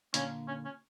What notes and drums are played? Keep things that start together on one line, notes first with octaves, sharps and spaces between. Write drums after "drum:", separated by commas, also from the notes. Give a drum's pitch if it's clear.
A#2 D3 C#4, drum: hi-hat
C#4
C#4